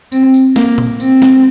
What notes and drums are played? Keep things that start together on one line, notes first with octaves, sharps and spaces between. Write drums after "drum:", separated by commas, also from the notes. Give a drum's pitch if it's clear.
C4, drum: tambourine
drum: tambourine
A#3, drum: snare
drum: tom A#2
C4, drum: tambourine
drum: snare